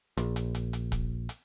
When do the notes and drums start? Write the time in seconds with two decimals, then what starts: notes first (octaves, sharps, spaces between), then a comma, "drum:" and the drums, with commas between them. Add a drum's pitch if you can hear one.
0.17 A#1, drum: hi-hat
0.36 drum: hi-hat
0.55 drum: hi-hat
0.73 drum: hi-hat
0.92 drum: kick, hi-hat
1.29 drum: hi-hat